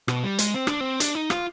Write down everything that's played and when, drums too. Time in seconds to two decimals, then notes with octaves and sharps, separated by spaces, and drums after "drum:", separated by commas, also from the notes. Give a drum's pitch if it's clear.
0.08 B2, drum: rim click
0.24 G3
0.39 G#3, drum: hi-hat
0.54 C4
0.67 D4, drum: rim click
0.80 C4
1.00 D4, drum: hi-hat
1.15 D#4
1.30 F4, drum: rim click